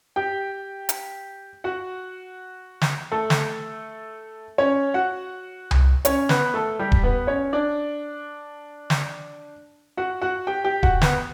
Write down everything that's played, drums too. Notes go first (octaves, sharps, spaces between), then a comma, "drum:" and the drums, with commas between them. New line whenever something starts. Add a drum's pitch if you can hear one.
G4 G5
drum: hi-hat
F#4 F#5
drum: snare
A3 A4
drum: snare
C#4 C#5
F#4 F#5
drum: tom C2
C#4 C#5, drum: hi-hat
B3 B4, drum: snare
A3 A4
G3 G4
drum: kick D#1
B3 B4
C#4 C#5
D4 D5
drum: snare
F#4 F#5
F#4 F#5
G4 G5
G4 G5
F#4 F#5, drum: kick D#1
B3 B4, drum: snare